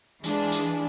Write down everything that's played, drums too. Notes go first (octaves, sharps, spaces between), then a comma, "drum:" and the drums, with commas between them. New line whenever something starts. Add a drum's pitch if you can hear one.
E3 G#3 D4 F4 G#4 B4, drum: hi-hat
drum: hi-hat